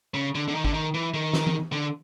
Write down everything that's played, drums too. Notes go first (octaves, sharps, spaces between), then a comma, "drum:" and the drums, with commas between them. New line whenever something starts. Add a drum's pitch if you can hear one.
C#3
D3
D3
D#3
D3, drum: kick G#1
D#3
E3
D#3
drum: snare
drum: tom E3
D3